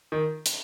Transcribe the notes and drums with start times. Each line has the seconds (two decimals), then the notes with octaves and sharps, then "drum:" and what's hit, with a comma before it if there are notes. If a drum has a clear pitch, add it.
0.12 D#3
0.46 drum: hi-hat